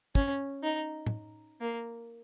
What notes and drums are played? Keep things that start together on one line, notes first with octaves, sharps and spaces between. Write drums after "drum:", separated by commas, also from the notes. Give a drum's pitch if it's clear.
C#4, drum: kick
D#4
drum: tom
A#3